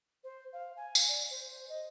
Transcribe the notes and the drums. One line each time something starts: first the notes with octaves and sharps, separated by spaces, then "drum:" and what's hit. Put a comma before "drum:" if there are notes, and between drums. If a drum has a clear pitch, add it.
C5
F5
G#5
drum: tambourine
D5
C5
D#5